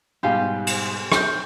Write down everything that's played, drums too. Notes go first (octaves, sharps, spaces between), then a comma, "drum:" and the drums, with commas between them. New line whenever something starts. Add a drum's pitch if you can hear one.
G#2 B2 G3 G4 F5 G#5
drum: cymbal
C6 F6 G6, drum: rim click